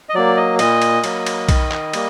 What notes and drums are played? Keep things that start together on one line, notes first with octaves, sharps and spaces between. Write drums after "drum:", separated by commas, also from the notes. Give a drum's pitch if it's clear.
D#5
F#3 A#3 D5
D#5
A#2 D#5, drum: cymbal
drum: cymbal
F#3 A#3, drum: cymbal
drum: cymbal
D#3, drum: kick B1, cymbal
drum: clap
G3 A#3, drum: cymbal